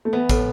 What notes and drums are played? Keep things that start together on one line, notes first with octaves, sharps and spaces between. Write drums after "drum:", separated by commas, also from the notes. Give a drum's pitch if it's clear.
A3
E3 B3
A2, drum: kick, tambourine